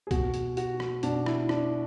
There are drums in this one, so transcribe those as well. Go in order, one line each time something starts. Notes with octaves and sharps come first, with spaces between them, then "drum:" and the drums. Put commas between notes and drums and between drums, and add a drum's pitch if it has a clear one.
G#4
B2 F#4, drum: kick, hi-hat
drum: hi-hat
F#4, drum: hi-hat
drum: rim click
B2 D4, drum: hi-hat
E4, drum: rim click
D4, drum: rim click